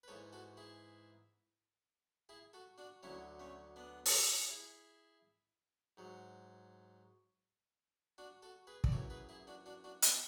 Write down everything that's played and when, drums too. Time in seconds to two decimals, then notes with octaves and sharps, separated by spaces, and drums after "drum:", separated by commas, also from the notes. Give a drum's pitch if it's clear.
0.03 B4
0.08 G#2 E3 A4 C#5
0.33 F#4 A4
0.57 E4 G#4
2.29 E4 G#4
2.53 F#4 A4
2.78 D4 F#4
3.03 D2 D3 F#3 C#4 E4
3.39 A3 C#4
3.76 B3 D4
4.06 drum: open hi-hat
4.50 E4 G#4
5.97 G#2 F#3
8.18 D4 F#4
8.42 F#4 A4
8.67 G#4 B4
8.84 D5, drum: kick
8.92 F#2 E3 A4 C#5
9.10 G#4 B4
9.29 E4 G#4
9.47 D4 F#4
9.66 D4 F#4
9.84 D4 F#4
10.02 B3 D4, drum: hi-hat